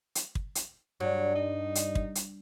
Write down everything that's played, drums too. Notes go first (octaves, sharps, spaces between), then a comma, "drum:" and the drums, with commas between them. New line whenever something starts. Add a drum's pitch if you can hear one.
drum: hi-hat
drum: kick
drum: hi-hat
G2 F#3
D#4
drum: hi-hat
drum: kick
drum: hi-hat